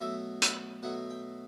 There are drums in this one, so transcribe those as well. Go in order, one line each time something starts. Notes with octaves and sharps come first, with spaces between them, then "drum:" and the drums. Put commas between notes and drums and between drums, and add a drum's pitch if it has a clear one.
B2 F#3 A3 E5
E5, drum: hi-hat
B2 F#3 A3 F#5
G5